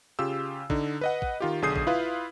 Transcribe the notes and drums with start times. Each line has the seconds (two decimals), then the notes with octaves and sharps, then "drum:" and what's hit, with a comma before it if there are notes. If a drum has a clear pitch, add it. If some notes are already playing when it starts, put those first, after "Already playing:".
0.19 C#3 F4 G4 E6
0.70 D3 D#4, drum: kick A1
1.01 B4 D#5 F#5
1.22 drum: kick A1
1.40 D#3 F4 G4
1.62 B1 D3 G#4 D#6 G6 C7
1.76 drum: kick A1
1.87 E4 F4 B4 F5